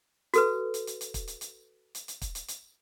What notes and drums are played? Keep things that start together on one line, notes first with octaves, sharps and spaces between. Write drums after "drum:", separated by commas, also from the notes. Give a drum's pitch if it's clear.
F#4 A4 B4, drum: hi-hat
drum: hi-hat
drum: hi-hat
drum: hi-hat
drum: kick, hi-hat
drum: hi-hat
drum: hi-hat
drum: hi-hat
drum: hi-hat
drum: kick, hi-hat
drum: hi-hat
drum: hi-hat